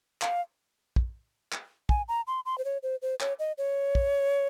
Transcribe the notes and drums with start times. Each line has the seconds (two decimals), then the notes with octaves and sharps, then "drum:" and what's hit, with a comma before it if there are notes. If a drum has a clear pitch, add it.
0.22 F5, drum: clap
0.96 drum: kick
1.52 drum: clap
1.89 G#5, drum: kick
2.08 A#5
2.27 C6
2.46 C6
2.58 C5
2.65 C#5
2.83 C5
3.02 C5
3.20 C#5, drum: clap
3.39 D#5
3.58 C#5
3.95 drum: kick